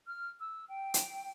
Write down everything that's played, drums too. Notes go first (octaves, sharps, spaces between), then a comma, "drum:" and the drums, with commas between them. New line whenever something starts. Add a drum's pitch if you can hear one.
F6
E6
G5
drum: hi-hat